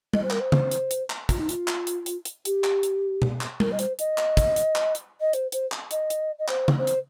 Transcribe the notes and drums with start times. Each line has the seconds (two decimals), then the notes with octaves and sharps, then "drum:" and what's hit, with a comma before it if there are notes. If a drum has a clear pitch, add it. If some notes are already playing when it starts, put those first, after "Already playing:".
0.13 D#5, drum: tom G3
0.23 C5
0.30 A#4, drum: clap
0.40 C5
0.52 drum: tom C#3
0.71 drum: hi-hat
0.91 drum: hi-hat
1.10 drum: clap
1.29 F4, drum: kick, hi-hat
1.38 D#4
1.49 F4, drum: hi-hat
1.68 drum: clap
1.87 drum: hi-hat
2.06 drum: hi-hat
2.25 drum: hi-hat
2.45 G4, drum: hi-hat
2.64 drum: clap
2.83 drum: hi-hat
3.22 drum: tom B2
3.41 drum: clap
3.60 A#4, drum: tom G3
3.71 D#5
3.79 C5, drum: hi-hat
3.99 D#5, drum: hi-hat
4.18 drum: clap
4.37 drum: kick, hi-hat
4.56 drum: hi-hat
4.76 drum: clap
4.95 drum: hi-hat
5.20 D#5
5.33 C5, drum: hi-hat
5.52 C5, drum: hi-hat
5.72 drum: clap
5.91 D#5, drum: hi-hat
6.10 drum: hi-hat
6.38 D#5
6.48 C5, drum: clap
6.68 drum: tom C#3
6.78 C5
6.87 drum: hi-hat